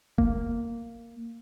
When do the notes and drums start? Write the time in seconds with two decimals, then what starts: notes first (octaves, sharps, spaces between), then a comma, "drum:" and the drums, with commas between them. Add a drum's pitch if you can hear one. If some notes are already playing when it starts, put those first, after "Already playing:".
0.18 A#3, drum: kick F1